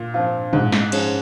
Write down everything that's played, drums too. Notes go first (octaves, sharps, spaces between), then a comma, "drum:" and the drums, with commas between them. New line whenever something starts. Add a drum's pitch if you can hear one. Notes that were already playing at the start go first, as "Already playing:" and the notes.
Already playing: A#2
F3 C4 F4
G#2, drum: tom
drum: snare
F3 G#3 C#4, drum: cymbal